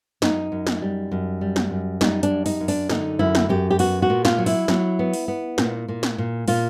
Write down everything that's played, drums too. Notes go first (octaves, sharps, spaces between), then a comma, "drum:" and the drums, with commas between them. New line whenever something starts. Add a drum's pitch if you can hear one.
F#2 D#4, drum: snare
F#2
drum: snare
G3
F#2
G3
drum: snare
F#2
G3 D#4, drum: snare
D4, drum: hi-hat
F#2
D#4, drum: open hi-hat
F#2
D4, drum: open hi-hat
D3 D#4, drum: snare
F#2 E4
drum: snare
F#2 G4
G4
B3 F#4, drum: open hi-hat
F#4
A#2
F4, drum: snare
F#3
E4, drum: open hi-hat
F#3, drum: snare
B3
drum: open hi-hat
B3
A#2, drum: snare
A#2
drum: snare
A#2
A#2 F4, drum: open hi-hat